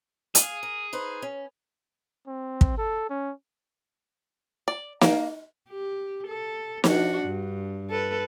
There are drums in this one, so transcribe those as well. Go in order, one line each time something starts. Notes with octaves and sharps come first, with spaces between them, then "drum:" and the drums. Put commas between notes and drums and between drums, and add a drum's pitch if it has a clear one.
G#4 F5, drum: hi-hat
A#4
D#4 B4 C5
C#4
C4
drum: kick
A4
C#4
D5
A#3, drum: snare
G4
A4
F3 D4 F#4, drum: snare
G2
A4 B4